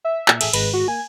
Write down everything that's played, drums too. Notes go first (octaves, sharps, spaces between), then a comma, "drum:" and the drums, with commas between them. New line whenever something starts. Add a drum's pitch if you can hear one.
E5
A#2, drum: clap
A1 G#4 A4 E5, drum: cymbal
G#1 G#3 B4 A#6, drum: cymbal
F#4
A#3 G#5